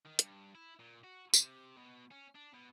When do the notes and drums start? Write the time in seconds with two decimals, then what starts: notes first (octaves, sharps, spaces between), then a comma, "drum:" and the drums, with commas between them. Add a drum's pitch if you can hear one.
0.05 D#3
0.19 G2, drum: hi-hat
0.55 E4
0.80 A#2
1.04 F#4
1.34 C3, drum: tambourine
1.77 B2
2.11 C#4
2.35 D4
2.54 B2